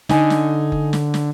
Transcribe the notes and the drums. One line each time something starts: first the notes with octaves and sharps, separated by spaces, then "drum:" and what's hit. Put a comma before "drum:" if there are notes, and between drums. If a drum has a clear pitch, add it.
D3 D#4 G#5, drum: snare
drum: snare
drum: kick F#1
drum: snare
drum: snare